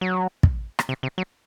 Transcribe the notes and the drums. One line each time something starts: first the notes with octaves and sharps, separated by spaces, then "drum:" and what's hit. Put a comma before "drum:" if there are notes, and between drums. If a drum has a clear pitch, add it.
F#3
drum: kick
drum: rim click
C3
C3
F#3